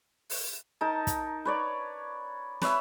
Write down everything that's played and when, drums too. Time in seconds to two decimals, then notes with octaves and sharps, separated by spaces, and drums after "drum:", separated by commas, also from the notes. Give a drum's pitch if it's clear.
0.30 drum: open hi-hat
0.81 D#4 A#4 A5
1.07 drum: kick, hi-hat
1.45 B4 C#5 D5
2.62 B4 C#5 E5 B5, drum: snare